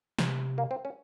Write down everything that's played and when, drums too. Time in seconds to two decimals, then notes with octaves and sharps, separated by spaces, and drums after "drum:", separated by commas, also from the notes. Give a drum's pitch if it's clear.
0.19 C3, drum: snare
0.58 A#3
0.71 C4
0.85 C#4